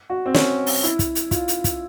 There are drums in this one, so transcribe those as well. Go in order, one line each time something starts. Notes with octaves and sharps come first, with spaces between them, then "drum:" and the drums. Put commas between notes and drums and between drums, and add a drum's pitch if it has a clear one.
F#4
C4
C#4, drum: snare
drum: open hi-hat
E4, drum: hi-hat
drum: kick, hi-hat
drum: hi-hat
F4, drum: kick, hi-hat
drum: hi-hat
drum: kick, hi-hat